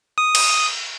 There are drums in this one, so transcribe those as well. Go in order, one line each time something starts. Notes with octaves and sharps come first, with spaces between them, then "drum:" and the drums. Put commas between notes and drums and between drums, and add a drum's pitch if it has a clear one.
D#6
drum: cymbal